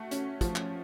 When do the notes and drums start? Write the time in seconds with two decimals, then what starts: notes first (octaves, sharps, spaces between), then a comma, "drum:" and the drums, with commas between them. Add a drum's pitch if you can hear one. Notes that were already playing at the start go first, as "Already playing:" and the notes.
Already playing: A3 F#4
0.11 C#4, drum: hi-hat
0.41 F3, drum: kick, hi-hat
0.56 drum: clap